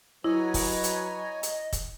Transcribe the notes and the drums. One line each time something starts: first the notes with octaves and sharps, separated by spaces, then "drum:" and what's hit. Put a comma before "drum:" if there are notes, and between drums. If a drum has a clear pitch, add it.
F#3 E4 B4 C#5 D#5 G#5 A#5
drum: kick, open hi-hat
drum: hi-hat
drum: hi-hat
drum: kick, hi-hat